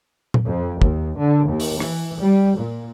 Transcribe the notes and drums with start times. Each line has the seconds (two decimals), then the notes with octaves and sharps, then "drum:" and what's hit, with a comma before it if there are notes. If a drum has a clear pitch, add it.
0.34 drum: tom A#2
0.46 F2
0.82 D#2, drum: kick
1.18 D3
1.49 D#2
1.60 drum: open hi-hat
1.80 E3, drum: rim click
2.20 G3
2.57 A#2